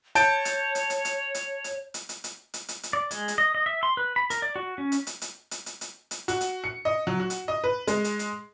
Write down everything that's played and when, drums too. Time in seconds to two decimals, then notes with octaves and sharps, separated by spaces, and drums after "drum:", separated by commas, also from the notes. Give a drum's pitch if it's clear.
0.15 C#5 A5 G6 D7, drum: hi-hat
0.45 drum: hi-hat
0.75 drum: hi-hat
0.90 drum: hi-hat
1.05 drum: hi-hat
1.35 drum: hi-hat
1.64 drum: hi-hat
1.94 drum: hi-hat
2.09 drum: hi-hat
2.24 drum: hi-hat
2.54 drum: hi-hat
2.68 drum: hi-hat
2.83 drum: hi-hat
2.93 D5
3.11 G#3, drum: hi-hat
3.28 drum: hi-hat
3.38 D#5
3.55 D#5
3.66 E5
3.83 C6
3.97 B4
4.16 B5
4.30 A#4, drum: hi-hat
4.42 D5
4.56 F#4
4.78 C#4
4.92 drum: hi-hat
5.07 drum: hi-hat
5.22 drum: hi-hat
5.51 drum: hi-hat
5.66 drum: hi-hat
5.81 drum: hi-hat
6.11 drum: hi-hat
6.28 F#4, drum: hi-hat
6.41 drum: hi-hat
6.64 C#7
6.85 D#5
7.07 F#3
7.20 F#4
7.30 drum: hi-hat
7.48 D#5
7.64 B4
7.87 G#3, drum: hi-hat
8.04 drum: hi-hat
8.19 drum: hi-hat